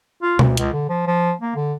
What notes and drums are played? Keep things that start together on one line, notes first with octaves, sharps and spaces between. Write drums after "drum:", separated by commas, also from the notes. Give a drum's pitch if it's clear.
F4
D2, drum: tom B2
C#2, drum: hi-hat
D3
F3
F3
A#3
D3